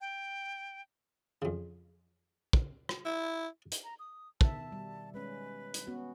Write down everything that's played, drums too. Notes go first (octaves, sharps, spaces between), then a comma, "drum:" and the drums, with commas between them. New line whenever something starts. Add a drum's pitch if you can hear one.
G5
F2 C#3
drum: kick
drum: rim click
E4
drum: hi-hat
A#5
D#6
B2 D#3 E5 A5, drum: kick
G3
G#3 C#4 B4
drum: hi-hat
B3 C#4 F#4